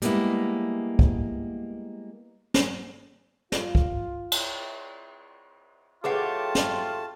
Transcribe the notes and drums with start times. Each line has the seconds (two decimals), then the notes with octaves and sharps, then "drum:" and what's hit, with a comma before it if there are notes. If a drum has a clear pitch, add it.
0.02 G3 G#3 A#3 B3 E4, drum: hi-hat
0.99 drum: kick
2.54 drum: snare
3.52 F4, drum: snare
3.75 drum: kick
4.32 drum: cymbal
6.04 F#3 A3 F4 G4 G#4 B4 F#5 A5
6.55 drum: snare